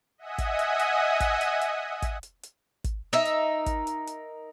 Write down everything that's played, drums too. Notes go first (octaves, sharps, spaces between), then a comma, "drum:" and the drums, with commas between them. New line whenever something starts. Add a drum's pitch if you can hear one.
D#5 E5 F#5 G#5 D#6
drum: kick, hi-hat
drum: hi-hat
drum: hi-hat
drum: kick, hi-hat
drum: hi-hat
drum: hi-hat
drum: kick, hi-hat
drum: hi-hat
drum: hi-hat
drum: kick, hi-hat
D#4 A#4 E5
drum: hi-hat
drum: kick, hi-hat
drum: hi-hat
drum: hi-hat